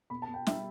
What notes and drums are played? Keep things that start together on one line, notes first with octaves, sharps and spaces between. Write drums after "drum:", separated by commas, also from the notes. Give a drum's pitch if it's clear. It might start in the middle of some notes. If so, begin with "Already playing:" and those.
B2 B5
A5
B2
G5
G3 E5, drum: snare